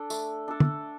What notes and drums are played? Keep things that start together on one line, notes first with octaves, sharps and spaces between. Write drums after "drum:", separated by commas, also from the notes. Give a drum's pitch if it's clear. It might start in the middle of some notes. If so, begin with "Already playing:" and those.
Already playing: D4 A4
A3, drum: tambourine
D4 A4
drum: tom